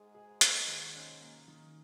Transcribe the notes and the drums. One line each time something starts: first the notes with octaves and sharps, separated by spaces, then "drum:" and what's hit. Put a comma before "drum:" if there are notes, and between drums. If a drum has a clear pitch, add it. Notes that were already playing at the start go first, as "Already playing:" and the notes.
Already playing: G#2 G#3 G#4
G#4
A#3, drum: hi-hat
D#3
C#4
A#3
D#3